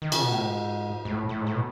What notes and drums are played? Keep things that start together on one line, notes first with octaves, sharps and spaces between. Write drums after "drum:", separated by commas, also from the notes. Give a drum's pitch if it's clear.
D#3
C#3, drum: cymbal
B2
A2
G#2
G#2
A2
A2
G#2
A2
B2